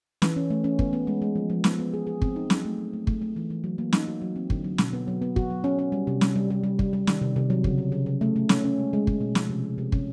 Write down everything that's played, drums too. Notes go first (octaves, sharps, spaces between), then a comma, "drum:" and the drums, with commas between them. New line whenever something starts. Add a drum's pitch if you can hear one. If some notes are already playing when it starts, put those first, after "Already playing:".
E3, drum: snare
C#4
A3
C#4
B3, drum: kick
B3
G#3
G#3
F3
F3
B3, drum: snare
B3
G#4
G#4
C4, drum: kick
D#4
F#3, drum: snare
A3
F#3
A3
A3, drum: kick
A3
E3
E3
F#3
A#3
D#4, drum: snare
F#4
F#3
C4
D3, drum: kick
F#3
B2, drum: snare
B3
F#3
B3
F#4, drum: kick
F#3
C#4
C#4
G3
C3
G3, drum: snare
G3
G3
G3
G3, drum: kick
G3
D#3, drum: snare
C3
C3
F#3
C#3, drum: kick
C#3
C#3
C#3
A3
A3
C#4, drum: snare
C#4
G#3
G#3
G#3, drum: kick
B2
F3, drum: snare
C3
C3
C3
C#4, drum: kick